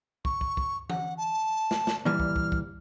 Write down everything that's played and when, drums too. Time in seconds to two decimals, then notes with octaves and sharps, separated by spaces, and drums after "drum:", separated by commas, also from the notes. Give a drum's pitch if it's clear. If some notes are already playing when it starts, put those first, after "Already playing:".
0.25 C#6, drum: kick
0.41 drum: kick
0.57 drum: kick
0.90 F#5, drum: tom E3
1.17 A5
1.71 drum: snare
1.87 drum: snare
2.05 A#2 E3 G3 F6
2.20 drum: kick
2.36 drum: kick
2.52 drum: kick